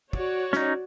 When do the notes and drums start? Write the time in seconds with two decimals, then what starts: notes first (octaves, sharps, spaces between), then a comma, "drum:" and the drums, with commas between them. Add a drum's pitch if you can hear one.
0.13 F#4 C#5 D5, drum: kick
0.53 C#4 D#4, drum: snare